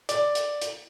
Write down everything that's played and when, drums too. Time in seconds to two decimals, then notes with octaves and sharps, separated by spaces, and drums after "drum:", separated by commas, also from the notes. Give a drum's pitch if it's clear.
0.09 D5, drum: hi-hat
0.35 drum: hi-hat
0.62 drum: hi-hat